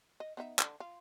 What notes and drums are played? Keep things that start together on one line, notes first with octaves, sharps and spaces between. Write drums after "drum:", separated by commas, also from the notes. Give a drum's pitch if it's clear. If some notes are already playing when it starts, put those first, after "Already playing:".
D#5
B3 D#4 E5
D3 D4, drum: clap
F4